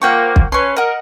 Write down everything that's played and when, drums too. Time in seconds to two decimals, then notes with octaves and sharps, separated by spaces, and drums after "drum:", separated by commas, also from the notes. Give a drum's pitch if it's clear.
0.02 F3 A#3 F#5 G5 C#6
0.36 drum: kick
0.52 C#4 B4 C6 C#6
0.76 A#4 D#5 F#5